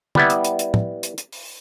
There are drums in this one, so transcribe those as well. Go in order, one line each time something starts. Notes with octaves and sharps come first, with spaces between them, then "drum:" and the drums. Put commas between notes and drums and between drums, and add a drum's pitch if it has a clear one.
G3 B3 E4, drum: tom
drum: hi-hat
drum: hi-hat
drum: hi-hat
drum: tom
drum: hi-hat
drum: hi-hat
drum: open hi-hat